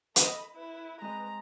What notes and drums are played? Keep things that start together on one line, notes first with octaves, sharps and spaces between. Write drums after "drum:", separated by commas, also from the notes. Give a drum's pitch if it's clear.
A4 D#5 B5, drum: hi-hat
E4 B4
G#3 C4 D#5 A#5